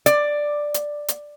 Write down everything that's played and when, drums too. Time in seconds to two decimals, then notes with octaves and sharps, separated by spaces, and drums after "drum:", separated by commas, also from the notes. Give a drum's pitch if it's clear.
0.06 D5, drum: hi-hat
0.74 drum: hi-hat
1.08 drum: hi-hat